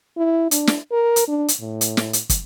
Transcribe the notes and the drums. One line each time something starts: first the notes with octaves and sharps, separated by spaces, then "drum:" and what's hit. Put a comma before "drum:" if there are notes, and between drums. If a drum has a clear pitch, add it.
E4
D4, drum: hi-hat
drum: snare
A#4
drum: hi-hat
D4
drum: hi-hat
A2
drum: hi-hat
drum: snare
drum: hi-hat
drum: kick, hi-hat